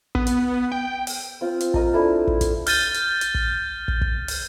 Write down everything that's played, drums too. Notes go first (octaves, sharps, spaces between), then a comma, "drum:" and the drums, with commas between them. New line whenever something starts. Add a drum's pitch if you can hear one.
B3, drum: kick
drum: hi-hat
G5
drum: open hi-hat
C4 F4
drum: hi-hat
A#4 D#5 A#5, drum: kick
D4 E4 A4
drum: kick
drum: kick, hi-hat
F6 G6 A6 D#7 G7, drum: open hi-hat
drum: hi-hat
drum: hi-hat
drum: kick
drum: kick
drum: kick
drum: open hi-hat